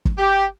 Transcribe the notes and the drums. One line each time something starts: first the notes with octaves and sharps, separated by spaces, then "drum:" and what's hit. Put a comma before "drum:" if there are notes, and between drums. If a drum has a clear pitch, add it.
drum: kick
G4